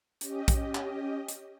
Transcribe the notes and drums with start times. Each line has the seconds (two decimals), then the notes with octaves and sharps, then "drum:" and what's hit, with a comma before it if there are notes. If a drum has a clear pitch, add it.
0.21 C#4 G4 D#5, drum: hi-hat
0.48 drum: kick, hi-hat
0.75 drum: clap
1.29 drum: hi-hat